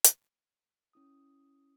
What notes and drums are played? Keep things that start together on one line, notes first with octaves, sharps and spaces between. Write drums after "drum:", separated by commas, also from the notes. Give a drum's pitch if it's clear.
drum: hi-hat
C#4 E4 D#6